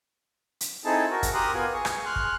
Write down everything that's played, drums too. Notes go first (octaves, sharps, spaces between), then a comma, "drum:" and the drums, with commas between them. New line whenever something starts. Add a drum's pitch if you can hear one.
drum: hi-hat
C4 D#4 E4 G#4 A4 A5
F#4 A#4
drum: kick, hi-hat
G4 A#4 C6 D#6 F#6
B3 F4 G#5
G#4 C#6
drum: rim click
C6 F6 F#6
drum: kick